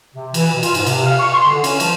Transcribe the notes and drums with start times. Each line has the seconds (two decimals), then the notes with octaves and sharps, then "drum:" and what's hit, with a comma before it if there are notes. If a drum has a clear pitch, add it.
0.15 C3
0.34 E3, drum: cymbal
0.51 B2
0.63 F4, drum: cymbal
0.75 G#2, drum: cymbal
0.86 C3, drum: cymbal
1.05 F5
1.19 C#6
1.34 C6
1.46 D3
1.64 C#4, drum: cymbal
1.80 F3, drum: cymbal